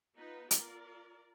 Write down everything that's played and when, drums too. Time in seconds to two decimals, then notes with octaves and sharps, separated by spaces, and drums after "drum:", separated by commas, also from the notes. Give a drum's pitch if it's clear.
0.17 B3 D#4 F4 B4
0.51 F4 A#4 D5, drum: hi-hat